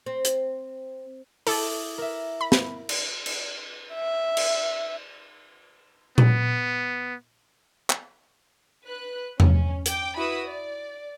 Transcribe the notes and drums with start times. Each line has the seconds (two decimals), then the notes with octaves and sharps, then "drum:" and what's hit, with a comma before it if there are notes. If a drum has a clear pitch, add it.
0.06 C4
0.25 drum: hi-hat
1.47 E4 A4 D6 D#6, drum: open hi-hat
1.98 A#4 E5
2.41 B5
2.52 drum: snare
2.89 drum: cymbal
3.26 drum: cymbal
3.94 E5
4.37 drum: cymbal
6.18 B3, drum: tom A#2
7.90 drum: clap
8.86 B4 F#6
9.40 C#4, drum: tom E2
9.86 G5 D6, drum: hi-hat
10.16 E4 F#4 B4 B5 D#6 E6
10.46 D5